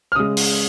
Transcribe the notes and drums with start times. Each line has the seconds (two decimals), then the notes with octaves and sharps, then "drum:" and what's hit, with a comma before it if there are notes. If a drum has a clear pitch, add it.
0.12 F6
0.15 C#3 G#3 D#6
0.37 drum: open hi-hat